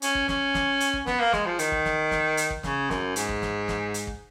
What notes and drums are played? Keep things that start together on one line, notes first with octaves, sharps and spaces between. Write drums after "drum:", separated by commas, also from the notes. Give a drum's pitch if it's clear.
C#4, drum: hi-hat
drum: kick
C#4, drum: snare
drum: snare
drum: hi-hat
drum: kick
B3, drum: snare
A#3
G#3, drum: snare
F3
D#3, drum: hi-hat
drum: kick
drum: snare
drum: snare
drum: hi-hat
drum: kick
C#3, drum: snare
F#2, drum: snare
G#2, drum: hi-hat
drum: kick
drum: snare
drum: snare
drum: hi-hat
drum: kick